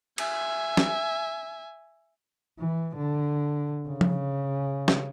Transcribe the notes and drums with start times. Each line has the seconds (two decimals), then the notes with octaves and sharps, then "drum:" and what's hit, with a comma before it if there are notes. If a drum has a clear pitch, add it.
0.18 E5 G#5, drum: cymbal
0.77 drum: snare
2.59 E3
2.97 D3
3.88 C#3
4.01 drum: tom F3
4.88 drum: snare